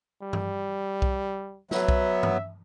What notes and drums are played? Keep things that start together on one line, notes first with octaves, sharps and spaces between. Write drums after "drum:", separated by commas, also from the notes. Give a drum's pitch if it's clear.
G3
drum: tom G2
drum: kick B1
F#3 B3 E5, drum: snare
drum: kick B1
drum: tom G2